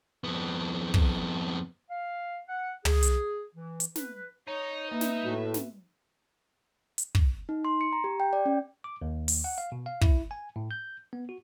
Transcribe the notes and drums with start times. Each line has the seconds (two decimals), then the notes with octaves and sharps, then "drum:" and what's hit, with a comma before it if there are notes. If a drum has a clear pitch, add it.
0.24 F2 B3
0.94 drum: kick
1.90 F5
2.48 F#5
2.85 G#4, drum: tom
3.03 drum: hi-hat
3.55 E3
3.80 drum: hi-hat
3.95 B4, drum: snare
4.48 D#4 C#5
4.91 A#3 B4 E5
5.01 drum: snare
5.25 A2 F#4
5.54 drum: snare
6.98 drum: hi-hat
7.15 drum: kick
7.49 D#4
7.65 C6
7.81 C#7
7.93 A#5
8.04 G4
8.20 G5
8.33 D5
8.46 C#4
8.84 D6
9.02 D#2
9.28 drum: open hi-hat
9.44 F#5
9.58 F5
9.72 B2
9.86 F5
10.01 E4, drum: kick
10.31 G#5
10.56 A2
10.71 G6
11.13 B3
11.29 F#4